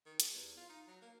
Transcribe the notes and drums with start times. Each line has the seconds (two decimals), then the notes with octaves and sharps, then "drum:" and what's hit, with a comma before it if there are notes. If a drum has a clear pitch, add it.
0.06 D#3
0.20 G3, drum: hi-hat
0.34 E2
0.57 F4
0.69 D#4
0.87 F#3
1.02 A#3